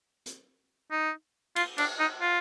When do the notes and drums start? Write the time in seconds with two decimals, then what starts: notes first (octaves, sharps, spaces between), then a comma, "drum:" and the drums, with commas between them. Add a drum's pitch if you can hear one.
0.26 drum: hi-hat
0.91 D#4
1.56 F4, drum: cymbal
1.78 D4, drum: cymbal
1.99 D#4
2.21 F4